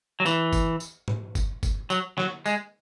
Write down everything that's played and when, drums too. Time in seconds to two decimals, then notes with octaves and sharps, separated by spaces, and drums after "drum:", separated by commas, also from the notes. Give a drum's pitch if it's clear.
0.20 F#3
0.26 E3, drum: tambourine
0.53 drum: kick F#1, tambourine
0.80 drum: tambourine
1.08 drum: tom
1.35 drum: kick F#1, tambourine
1.63 drum: kick F#1, tambourine
1.90 F#3, drum: tambourine
2.18 F#3, drum: snare
2.46 G#3, drum: tambourine